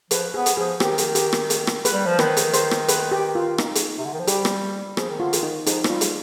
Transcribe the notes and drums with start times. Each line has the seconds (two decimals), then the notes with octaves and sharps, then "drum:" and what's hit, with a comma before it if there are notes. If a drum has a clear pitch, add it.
0.11 F3 B4, drum: hi-hat
0.34 B3 G#4
0.46 drum: hi-hat
0.57 F3 G#4
0.80 D#3 G4, drum: rim click
0.98 drum: hi-hat
1.15 G4, drum: hi-hat
1.33 drum: rim click
1.50 drum: hi-hat
1.67 drum: rim click
1.85 B4, drum: hi-hat
1.93 G3
2.06 F3
2.19 D#3 B4, drum: rim click
2.37 drum: hi-hat
2.53 C5, drum: hi-hat
2.71 drum: rim click
2.88 B4, drum: hi-hat
3.11 G4
3.35 F4
3.58 D#4, drum: rim click
3.75 drum: hi-hat
3.99 C3
4.05 D3
4.13 D#3
4.19 F3
4.27 G3 G4, drum: hi-hat
4.45 drum: rim click
4.97 F3 G#4, drum: rim click
5.10 D#3
5.20 D3 F4
5.33 D#3, drum: hi-hat
5.43 D#4
5.66 F3 D#4, drum: hi-hat
5.84 F3, drum: rim click
5.89 G3 F4
6.01 drum: hi-hat